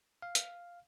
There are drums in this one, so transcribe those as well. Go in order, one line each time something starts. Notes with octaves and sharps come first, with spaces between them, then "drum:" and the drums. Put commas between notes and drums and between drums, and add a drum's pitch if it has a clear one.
F5
drum: hi-hat